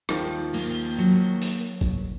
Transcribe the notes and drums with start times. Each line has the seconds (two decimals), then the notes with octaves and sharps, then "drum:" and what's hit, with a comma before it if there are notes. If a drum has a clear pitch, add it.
0.09 D#2 D#3 F3, drum: rim click
0.54 A#3, drum: cymbal
0.98 F#3
1.42 drum: open hi-hat
1.81 drum: kick G#1